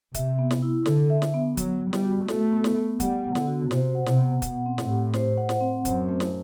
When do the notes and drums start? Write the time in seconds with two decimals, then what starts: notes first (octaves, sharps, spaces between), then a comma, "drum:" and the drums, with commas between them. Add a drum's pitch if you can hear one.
0.14 C3 E5, drum: kick, hi-hat
0.39 B3
0.51 drum: snare
0.62 E4
0.86 D3 A4, drum: snare
1.10 E5
1.22 drum: snare
1.34 B3
1.57 F#3 B3, drum: kick, hi-hat
1.81 B3
1.93 G3, drum: snare
2.05 F#4
2.28 A3 A4, drum: snare
2.52 B3
2.64 drum: snare
2.76 B3
3.00 G3 F#5, drum: kick, hi-hat
3.24 B3
3.35 D3, drum: snare
3.47 F#4
3.71 C3 C5, drum: snare
3.95 F#5
4.06 C3, drum: snare
4.18 B3
4.42 B2 F#5, drum: kick, hi-hat
4.66 C4
4.78 A2, drum: snare
4.89 G4
5.14 C5, drum: snare
5.37 F#5
5.49 drum: snare
5.60 C4
5.85 F#2 C5, drum: kick, hi-hat
6.09 A3
6.20 drum: snare